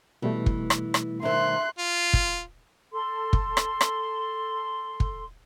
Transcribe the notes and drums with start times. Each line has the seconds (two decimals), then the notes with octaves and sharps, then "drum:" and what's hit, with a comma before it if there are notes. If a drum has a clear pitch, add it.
0.22 B2 E3 G3 A3
0.46 drum: kick
0.70 drum: rim click
0.94 drum: rim click
1.23 D#3 C5 E5 C6 F#6
1.78 F4
2.13 drum: kick
2.91 A4 C6
3.33 drum: kick
3.57 drum: rim click
3.81 drum: rim click
5.00 drum: kick